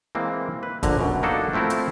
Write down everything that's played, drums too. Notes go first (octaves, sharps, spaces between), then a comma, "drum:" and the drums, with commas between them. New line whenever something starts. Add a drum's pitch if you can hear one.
E3 G#3 A#3 C4
B4
A#1 D3 A#5, drum: kick, hi-hat
F#2 B2
A#3 D4 D#4 F#4 A4
F3 A3 C4 E4 A#4
drum: hi-hat